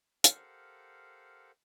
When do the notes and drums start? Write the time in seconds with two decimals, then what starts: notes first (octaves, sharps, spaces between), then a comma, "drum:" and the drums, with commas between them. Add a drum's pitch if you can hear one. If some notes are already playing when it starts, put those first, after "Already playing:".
0.24 G4 A4 A#4 C5 F5 F#5, drum: hi-hat